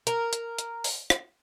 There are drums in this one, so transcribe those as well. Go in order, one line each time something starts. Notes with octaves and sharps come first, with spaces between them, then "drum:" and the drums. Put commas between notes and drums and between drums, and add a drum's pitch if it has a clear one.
A#4, drum: hi-hat
drum: hi-hat
drum: hi-hat
drum: open hi-hat
drum: rim click